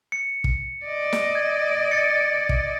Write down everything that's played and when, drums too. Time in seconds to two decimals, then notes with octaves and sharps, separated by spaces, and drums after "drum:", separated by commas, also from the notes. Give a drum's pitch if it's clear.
0.12 C#7
0.44 drum: kick
0.85 D5 D#5
1.13 drum: snare
1.35 G#6
1.91 A6 C#7
2.49 drum: kick